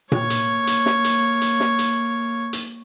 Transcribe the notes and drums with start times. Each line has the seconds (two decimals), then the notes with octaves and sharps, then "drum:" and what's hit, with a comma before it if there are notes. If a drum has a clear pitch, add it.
0.12 A#3 C#5, drum: tom A#2
0.30 drum: hi-hat
0.67 drum: hi-hat
0.86 drum: snare
1.04 drum: hi-hat
1.42 drum: hi-hat
1.60 drum: snare
1.79 drum: hi-hat
2.53 drum: hi-hat